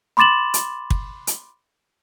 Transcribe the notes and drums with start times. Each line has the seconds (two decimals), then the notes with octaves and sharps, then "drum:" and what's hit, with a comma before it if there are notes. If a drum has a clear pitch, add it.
0.17 B5 C6 D6 A6 E7 F#7
0.54 drum: hi-hat
0.90 drum: kick
1.27 drum: hi-hat